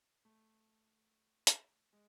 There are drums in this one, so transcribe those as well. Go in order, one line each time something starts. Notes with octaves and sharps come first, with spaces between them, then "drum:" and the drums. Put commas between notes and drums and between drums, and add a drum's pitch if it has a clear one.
A3
drum: hi-hat
G#3